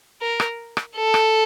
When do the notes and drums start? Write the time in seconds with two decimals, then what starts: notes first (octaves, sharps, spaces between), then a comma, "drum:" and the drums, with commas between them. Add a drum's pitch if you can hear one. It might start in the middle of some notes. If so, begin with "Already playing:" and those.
0.21 A#4
0.40 drum: rim click
0.77 drum: rim click
0.96 A4
1.14 drum: rim click